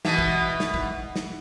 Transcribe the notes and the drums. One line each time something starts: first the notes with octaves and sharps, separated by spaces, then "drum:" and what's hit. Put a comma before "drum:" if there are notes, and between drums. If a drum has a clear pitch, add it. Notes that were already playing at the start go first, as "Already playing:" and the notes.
B2 E3, drum: snare
drum: kick
drum: snare
drum: kick
drum: snare